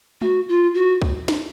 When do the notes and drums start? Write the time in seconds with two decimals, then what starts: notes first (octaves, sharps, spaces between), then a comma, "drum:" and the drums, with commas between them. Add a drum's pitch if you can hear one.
0.22 F#4, drum: tom G#3
0.49 F4
0.74 F#4
1.02 drum: kick C2
1.28 drum: snare